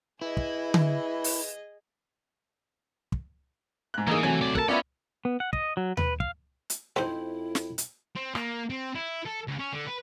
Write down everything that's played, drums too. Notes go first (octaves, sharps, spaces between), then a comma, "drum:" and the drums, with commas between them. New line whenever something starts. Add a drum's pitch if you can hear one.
E3 E4 G#4 D#5
drum: kick
drum: tom D3
drum: open hi-hat
drum: kick
G#2 F#6
E3 A#3 D#4 G#4 A#4
C3 F#3 A3 G#5
D#2 D5
A4 A#4 F#5 A5, drum: kick
B3 C#4 F4 D5 E5 B5
B3
F#5
D#5, drum: kick
F#3
B4, drum: tom D#2
F5, drum: kick
drum: hi-hat
F2 C4 D#4 E4 B4 C5
drum: snare
drum: hi-hat
C4
A#3, drum: rim click
C4
E4
A4
C#2
C#4
D3
B4